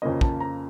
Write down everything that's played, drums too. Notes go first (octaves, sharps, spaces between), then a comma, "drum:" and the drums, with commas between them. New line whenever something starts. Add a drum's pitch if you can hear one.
F2 C#3 F3 A#3 C#4 D#5
A5, drum: kick
A#5